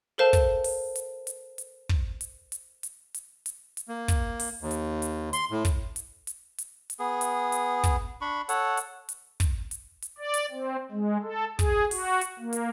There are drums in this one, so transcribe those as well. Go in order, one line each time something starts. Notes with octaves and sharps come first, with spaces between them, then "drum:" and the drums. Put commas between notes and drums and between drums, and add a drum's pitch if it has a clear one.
A4 A#4 C5 F5 A5
drum: kick, hi-hat
drum: open hi-hat
drum: hi-hat
drum: hi-hat
drum: hi-hat
drum: kick
drum: hi-hat
drum: hi-hat
drum: hi-hat
drum: hi-hat
drum: hi-hat
drum: hi-hat
A#3
drum: kick, hi-hat
drum: open hi-hat
D#2
drum: hi-hat
drum: hi-hat
C6, drum: hi-hat
A2
drum: kick, hi-hat
drum: hi-hat
drum: hi-hat
drum: hi-hat
drum: hi-hat
B3 G#4
drum: hi-hat
drum: hi-hat
drum: kick, hi-hat
D4 B5 C#6
A4 C#5 F#5, drum: hi-hat
drum: hi-hat
drum: hi-hat
drum: kick, hi-hat
drum: hi-hat
drum: hi-hat
D5
drum: hi-hat
C4
G#3
A4
G#4, drum: kick, hi-hat
F#4, drum: open hi-hat
drum: hi-hat
A#3
drum: hi-hat